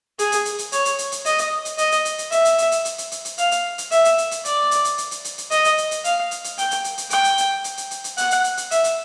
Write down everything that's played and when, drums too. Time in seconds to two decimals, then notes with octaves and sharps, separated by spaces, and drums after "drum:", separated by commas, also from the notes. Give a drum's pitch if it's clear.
0.19 G#4, drum: hi-hat
0.32 drum: hi-hat
0.45 drum: hi-hat
0.59 drum: hi-hat
0.72 C#5, drum: hi-hat
0.85 drum: hi-hat
0.98 drum: hi-hat
1.12 drum: hi-hat
1.25 D#5, drum: hi-hat
1.38 drum: hi-hat
1.65 drum: hi-hat
1.78 D#5, drum: hi-hat
1.92 drum: hi-hat
2.05 drum: hi-hat
2.18 drum: hi-hat
2.32 E5, drum: hi-hat
2.45 drum: hi-hat
2.58 drum: hi-hat
2.72 drum: hi-hat
2.85 drum: hi-hat
2.98 drum: hi-hat
3.12 drum: hi-hat
3.25 drum: hi-hat
3.38 F5, drum: hi-hat
3.51 drum: hi-hat
3.78 drum: hi-hat
3.91 E5, drum: hi-hat
4.05 drum: hi-hat
4.18 drum: hi-hat
4.31 drum: hi-hat
4.45 D5, drum: hi-hat
4.71 drum: hi-hat
4.85 drum: hi-hat
4.98 drum: hi-hat
5.11 drum: hi-hat
5.25 drum: hi-hat
5.38 drum: hi-hat
5.51 D#5, drum: hi-hat
5.64 drum: hi-hat
5.78 drum: hi-hat
5.91 drum: hi-hat
6.04 F5, drum: hi-hat
6.31 drum: hi-hat
6.44 drum: hi-hat
6.58 G5, drum: hi-hat
6.71 drum: hi-hat
6.84 drum: hi-hat
6.98 drum: hi-hat
7.10 G5, drum: hi-hat
7.24 drum: hi-hat
7.38 drum: hi-hat
7.64 drum: hi-hat
7.77 drum: hi-hat
7.91 drum: hi-hat
8.04 drum: hi-hat
8.17 F#5, drum: hi-hat
8.31 drum: hi-hat
8.44 drum: hi-hat
8.57 drum: hi-hat
8.71 E5, drum: hi-hat
8.84 drum: hi-hat